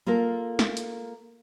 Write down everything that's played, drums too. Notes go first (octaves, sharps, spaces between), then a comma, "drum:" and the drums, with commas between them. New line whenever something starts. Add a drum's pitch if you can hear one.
A#3 F4 A4 A#4
drum: snare
drum: hi-hat